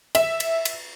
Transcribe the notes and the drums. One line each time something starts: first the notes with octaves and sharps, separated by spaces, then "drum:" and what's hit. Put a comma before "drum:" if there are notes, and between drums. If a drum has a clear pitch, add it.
E5, drum: cymbal
drum: cymbal
drum: cymbal